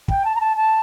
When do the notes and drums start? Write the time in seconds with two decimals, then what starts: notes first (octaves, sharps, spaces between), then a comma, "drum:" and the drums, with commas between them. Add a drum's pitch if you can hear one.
0.08 G5, drum: kick
0.25 A5
0.35 A#5
0.40 A5
0.56 A5